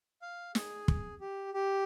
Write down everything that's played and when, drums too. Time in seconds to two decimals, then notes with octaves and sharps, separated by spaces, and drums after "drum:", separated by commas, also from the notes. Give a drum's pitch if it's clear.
0.22 F5
0.55 G#4, drum: snare
0.88 drum: kick
1.21 G4
1.54 G4